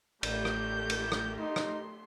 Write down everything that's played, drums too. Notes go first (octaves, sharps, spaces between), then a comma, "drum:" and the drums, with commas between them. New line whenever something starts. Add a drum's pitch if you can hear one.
A1 A3 G4 A#4 G6, drum: cymbal
drum: rim click
drum: cymbal
drum: rim click
D#4 C6
drum: rim click